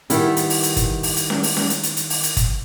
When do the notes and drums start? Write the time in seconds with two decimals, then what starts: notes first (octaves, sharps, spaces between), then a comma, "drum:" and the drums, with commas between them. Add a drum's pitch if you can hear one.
0.10 D#3 G3 B3 E4, drum: hi-hat
0.37 drum: hi-hat
0.50 drum: open hi-hat
0.63 drum: hi-hat
0.77 drum: kick, hi-hat
1.03 drum: open hi-hat
1.17 drum: hi-hat
1.30 drum: snare C#4
1.43 drum: open hi-hat
1.57 drum: snare C#4
1.70 drum: hi-hat
1.83 drum: hi-hat
1.97 drum: hi-hat
2.10 drum: open hi-hat
2.23 drum: hi-hat
2.37 drum: kick, hi-hat